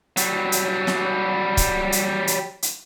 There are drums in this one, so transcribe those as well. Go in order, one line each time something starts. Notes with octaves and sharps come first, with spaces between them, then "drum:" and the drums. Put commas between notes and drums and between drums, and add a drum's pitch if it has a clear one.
F#3 G3, drum: hi-hat
drum: hi-hat
drum: snare
drum: kick, hi-hat
drum: hi-hat
drum: hi-hat
drum: hi-hat